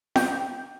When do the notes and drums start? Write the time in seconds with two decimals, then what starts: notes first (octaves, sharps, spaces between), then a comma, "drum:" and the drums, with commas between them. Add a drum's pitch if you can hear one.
0.16 G5, drum: snare F4